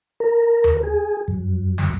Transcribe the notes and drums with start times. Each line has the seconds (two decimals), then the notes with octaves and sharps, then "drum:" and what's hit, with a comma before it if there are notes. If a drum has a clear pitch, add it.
0.20 A#4
0.64 drum: tom D#2
0.83 G#4
1.28 F#2
1.78 drum: snare